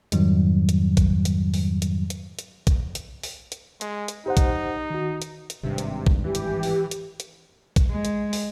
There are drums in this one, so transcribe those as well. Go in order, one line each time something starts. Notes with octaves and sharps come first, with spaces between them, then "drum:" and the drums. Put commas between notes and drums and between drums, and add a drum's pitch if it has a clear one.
F2 G#2 D#3 F#3 G3, drum: hi-hat
drum: hi-hat
drum: kick, hi-hat
drum: hi-hat
drum: open hi-hat
drum: hi-hat
drum: hi-hat
drum: hi-hat
drum: kick, hi-hat
drum: hi-hat
drum: open hi-hat
drum: hi-hat
G#3, drum: hi-hat
drum: hi-hat
D#4 G4 C5 F#5
drum: kick, hi-hat
D#3 F#4
drum: hi-hat
drum: hi-hat
G#1 G2 C3
drum: hi-hat
drum: kick
E3 G4
drum: hi-hat
drum: open hi-hat
drum: hi-hat
drum: hi-hat
drum: kick, hi-hat
G#3
drum: hi-hat
drum: open hi-hat